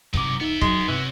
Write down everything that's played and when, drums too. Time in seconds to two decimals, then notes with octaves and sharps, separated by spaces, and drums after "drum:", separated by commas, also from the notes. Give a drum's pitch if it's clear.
0.14 G2 C3 F#3 D#4 D6, drum: kick C#1
0.40 C2 B3 D#4 E5
0.61 F#3 G#3, drum: kick C#1
0.88 G2 C3 E3 C#4 F#4